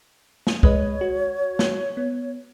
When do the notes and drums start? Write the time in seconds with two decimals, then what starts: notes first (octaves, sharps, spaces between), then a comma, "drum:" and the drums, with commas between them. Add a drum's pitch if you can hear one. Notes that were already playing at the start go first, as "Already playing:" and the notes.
0.47 drum: snare
0.63 G#3 B4 C#5 D#5, drum: kick
1.01 F#4
1.59 drum: snare
1.97 B3